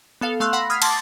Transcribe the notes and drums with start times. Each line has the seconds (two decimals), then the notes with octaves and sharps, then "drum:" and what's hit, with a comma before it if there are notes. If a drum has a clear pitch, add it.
0.21 B3 A4 F5
0.40 A3 F5 C6 E6 F#6
0.53 F#5 B5 C6 E6 A#6
0.70 D#6 F6 G#6 B6 C7
0.82 A5 C6 D6 A6, drum: cymbal